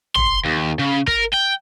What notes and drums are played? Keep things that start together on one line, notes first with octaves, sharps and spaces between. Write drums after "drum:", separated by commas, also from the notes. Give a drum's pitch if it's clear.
C6, drum: tom
D#2
C#3
A#4, drum: kick
G5